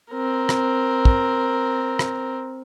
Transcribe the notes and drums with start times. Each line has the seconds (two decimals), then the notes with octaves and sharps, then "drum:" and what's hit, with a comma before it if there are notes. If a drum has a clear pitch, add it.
0.11 C4 A#4
0.49 drum: rim click
1.05 drum: kick
1.99 drum: rim click